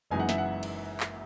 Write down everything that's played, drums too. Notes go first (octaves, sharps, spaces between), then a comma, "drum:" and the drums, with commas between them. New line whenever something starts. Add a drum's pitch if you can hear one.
F#1 F#2 E3 G#3 D#4 G#5
F#5
E5, drum: snare
F#5
drum: cymbal
drum: clap